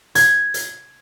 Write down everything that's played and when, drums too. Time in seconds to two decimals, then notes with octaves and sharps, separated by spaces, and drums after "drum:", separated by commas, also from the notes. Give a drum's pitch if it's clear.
0.15 G#6, drum: hi-hat
0.54 drum: hi-hat